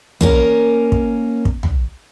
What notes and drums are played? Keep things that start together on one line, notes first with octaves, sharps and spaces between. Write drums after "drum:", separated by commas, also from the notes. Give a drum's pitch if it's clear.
A#3 C#4 A#4, drum: tom
drum: kick
drum: kick
drum: tom